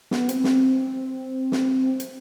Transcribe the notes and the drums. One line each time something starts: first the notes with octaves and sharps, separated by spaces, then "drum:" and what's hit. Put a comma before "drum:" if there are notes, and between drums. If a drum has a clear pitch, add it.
B3, drum: snare
C4, drum: hi-hat
drum: snare
drum: snare
drum: hi-hat